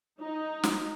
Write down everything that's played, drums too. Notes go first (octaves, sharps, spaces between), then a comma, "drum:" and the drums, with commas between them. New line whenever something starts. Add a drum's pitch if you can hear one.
D#4
drum: snare